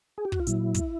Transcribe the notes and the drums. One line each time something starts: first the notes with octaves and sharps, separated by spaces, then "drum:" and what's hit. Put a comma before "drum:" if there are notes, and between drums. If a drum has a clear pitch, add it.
G#4
G4
F#4, drum: kick
F4
A#2 F#3 E4, drum: hi-hat
drum: kick, hi-hat